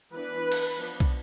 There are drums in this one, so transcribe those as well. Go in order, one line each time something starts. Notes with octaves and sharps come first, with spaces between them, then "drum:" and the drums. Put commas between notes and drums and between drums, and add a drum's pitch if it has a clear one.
E3 B3 D4 B4
drum: cymbal
F3 B3 D4
drum: kick